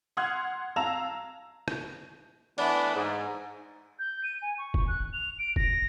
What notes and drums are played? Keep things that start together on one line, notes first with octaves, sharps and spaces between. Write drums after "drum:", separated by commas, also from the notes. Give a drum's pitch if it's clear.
F#5 C6 D#6 F6 F#6 G#6
F5 A5 A#5 E6 E7 F7
drum: rim click
E3 A3 B3 D4 B4, drum: cymbal
G#2
G6
D#7
G#5
C#6
drum: kick
F#6
F7
D7
A#6, drum: kick